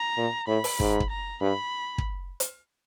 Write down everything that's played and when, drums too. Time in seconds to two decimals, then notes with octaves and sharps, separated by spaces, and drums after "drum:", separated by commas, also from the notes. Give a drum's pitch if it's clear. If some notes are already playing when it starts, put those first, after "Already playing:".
Already playing: A#5
0.17 A#2
0.48 A2 B5
0.64 drum: open hi-hat
0.80 G#2, drum: kick
1.00 drum: kick
1.10 A#5
1.41 G2 B5
1.98 drum: kick
2.40 drum: hi-hat